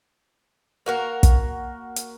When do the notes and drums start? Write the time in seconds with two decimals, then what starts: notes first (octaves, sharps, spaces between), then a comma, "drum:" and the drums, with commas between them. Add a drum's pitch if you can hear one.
0.86 A#3 F#4 A#4
1.23 drum: kick, hi-hat
1.96 drum: hi-hat